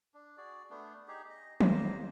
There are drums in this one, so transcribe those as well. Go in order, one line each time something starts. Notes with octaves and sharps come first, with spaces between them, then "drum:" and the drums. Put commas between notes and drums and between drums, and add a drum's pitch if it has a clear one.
D4
F#4 G#4 D5
A3 B3 D4
D#4 G4 G#4
D#5
A#3 C5 D#5, drum: tom